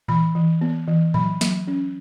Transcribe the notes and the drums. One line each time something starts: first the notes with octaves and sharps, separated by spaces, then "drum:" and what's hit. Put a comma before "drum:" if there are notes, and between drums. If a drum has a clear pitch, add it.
E3 B5, drum: tom A2
E3
B3
E3
F#3 B5, drum: tom A2
F#3, drum: snare
C#4